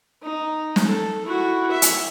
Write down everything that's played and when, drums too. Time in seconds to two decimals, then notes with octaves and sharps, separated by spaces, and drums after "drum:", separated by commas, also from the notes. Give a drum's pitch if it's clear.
0.22 D#4
0.76 drum: snare
0.85 A4
1.24 E4 F#4
1.71 E5
1.82 drum: hi-hat